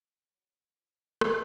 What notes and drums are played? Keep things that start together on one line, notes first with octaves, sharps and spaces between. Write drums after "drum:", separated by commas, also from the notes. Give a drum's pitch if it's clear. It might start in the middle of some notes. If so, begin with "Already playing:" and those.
F#3
F3
D#3
drum: rim click